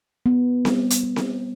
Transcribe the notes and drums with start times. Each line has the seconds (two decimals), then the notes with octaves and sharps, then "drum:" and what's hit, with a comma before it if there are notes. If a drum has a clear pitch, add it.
0.26 B3
0.65 G3, drum: snare C4
0.90 drum: hi-hat
1.03 B3
1.16 drum: snare C4